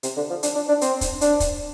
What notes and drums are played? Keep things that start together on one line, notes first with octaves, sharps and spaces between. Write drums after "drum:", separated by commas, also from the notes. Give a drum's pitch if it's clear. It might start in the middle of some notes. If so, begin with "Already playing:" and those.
C3, drum: hi-hat
D3
F3
D4, drum: hi-hat
D4
D4
C4, drum: hi-hat
drum: kick, hi-hat
D4, drum: hi-hat
drum: kick, hi-hat